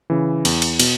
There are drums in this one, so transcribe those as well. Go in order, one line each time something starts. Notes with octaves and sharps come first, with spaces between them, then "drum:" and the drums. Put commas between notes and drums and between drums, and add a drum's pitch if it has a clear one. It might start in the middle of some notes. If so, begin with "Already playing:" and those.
C#3 E3
E2, drum: cymbal
drum: cymbal
B2, drum: cymbal